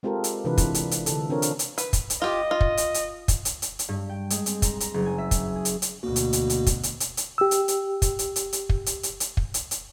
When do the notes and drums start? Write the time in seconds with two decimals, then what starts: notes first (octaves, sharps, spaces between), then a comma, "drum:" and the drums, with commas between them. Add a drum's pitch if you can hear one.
0.03 G#3 C4 F4 G4 A4 A#4
0.24 drum: hi-hat
0.45 C3 E3 D4 F4 B4
0.58 drum: kick, hi-hat
0.74 drum: hi-hat
0.91 drum: hi-hat
1.06 D3 A4, drum: hi-hat
1.30 C4 D4 F4 A#4 C#5
1.42 drum: hi-hat
1.59 drum: hi-hat
1.78 B4, drum: hi-hat
1.93 drum: kick, hi-hat
2.10 drum: hi-hat
2.22 F4 G4 D#5
2.51 F4
2.61 drum: kick
2.77 drum: hi-hat
2.94 drum: hi-hat
3.28 drum: kick, hi-hat
3.45 drum: hi-hat
3.62 drum: hi-hat
3.79 drum: hi-hat
3.89 G2
4.09 G5
4.30 G#3, drum: hi-hat
4.46 C4, drum: hi-hat
4.62 A#5, drum: kick, hi-hat
4.80 A#5, drum: hi-hat
4.94 F#1
5.06 G#5
5.18 E5
5.31 drum: kick, hi-hat
5.56 G#4
5.65 drum: hi-hat
5.82 drum: hi-hat
6.03 D2 B2 A#3 F#4
6.16 drum: hi-hat
6.33 drum: hi-hat
6.50 drum: hi-hat
6.66 drum: kick, hi-hat
6.83 drum: hi-hat
7.00 drum: hi-hat
7.17 drum: hi-hat
7.38 G4 E6
7.51 drum: hi-hat
7.68 drum: hi-hat
8.02 drum: kick, hi-hat
8.19 drum: hi-hat
8.36 drum: hi-hat
8.53 drum: hi-hat
8.69 drum: kick
8.86 drum: hi-hat
9.03 drum: hi-hat
9.20 drum: hi-hat
9.37 drum: kick
9.54 drum: hi-hat
9.71 drum: hi-hat